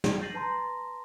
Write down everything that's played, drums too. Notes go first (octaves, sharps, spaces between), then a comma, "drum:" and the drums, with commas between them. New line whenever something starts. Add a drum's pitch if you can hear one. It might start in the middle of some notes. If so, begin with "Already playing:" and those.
drum: snare
G6 A6 A#6 C7 D#7 F#7
B4 A5 A#5 C6 A#6